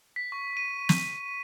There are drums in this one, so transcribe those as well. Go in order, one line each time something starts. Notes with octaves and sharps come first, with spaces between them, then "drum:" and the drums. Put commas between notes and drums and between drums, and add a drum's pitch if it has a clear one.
B6
C#6
D#7
drum: snare